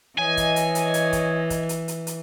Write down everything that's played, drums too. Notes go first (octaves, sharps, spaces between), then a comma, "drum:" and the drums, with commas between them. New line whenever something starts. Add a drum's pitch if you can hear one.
E3 C#5 D#5 G#5
drum: kick, hi-hat
drum: hi-hat
drum: hi-hat
drum: hi-hat
drum: kick, hi-hat
drum: kick, hi-hat
drum: hi-hat
drum: hi-hat
drum: hi-hat